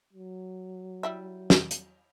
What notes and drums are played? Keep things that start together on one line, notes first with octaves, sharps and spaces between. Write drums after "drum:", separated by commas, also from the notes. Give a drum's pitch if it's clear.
F#3
G3 E4 E5
drum: snare
drum: hi-hat